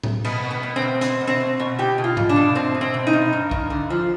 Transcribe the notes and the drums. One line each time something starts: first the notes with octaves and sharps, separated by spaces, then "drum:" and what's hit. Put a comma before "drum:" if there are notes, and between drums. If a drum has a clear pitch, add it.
drum: tom A2
B2 B3, drum: cymbal
B2
B3
B2
C4
B2
B2 C4, drum: hi-hat
B2
C4
B2
B2
B2 G4
B2
F4
B2, drum: tom G#2
D4
B2
B2 C4
B2
C4
B2
D#4
B2
G2
G2, drum: kick B1
D3
F3